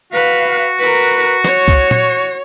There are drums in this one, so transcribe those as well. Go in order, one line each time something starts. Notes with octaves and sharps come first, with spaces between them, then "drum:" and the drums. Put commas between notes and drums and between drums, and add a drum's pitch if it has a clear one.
F#4 B4 F5
A#4 B4
C#5, drum: snare
drum: kick C2
drum: tom A#2